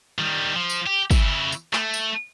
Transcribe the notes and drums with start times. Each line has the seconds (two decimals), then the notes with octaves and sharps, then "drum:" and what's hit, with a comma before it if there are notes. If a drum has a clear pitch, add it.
0.18 D#3 G3
0.55 F3
0.70 drum: tambourine
0.86 G4
1.11 C#3 E4, drum: kick, tambourine
1.52 drum: tambourine
1.73 A3, drum: clap
1.94 drum: tambourine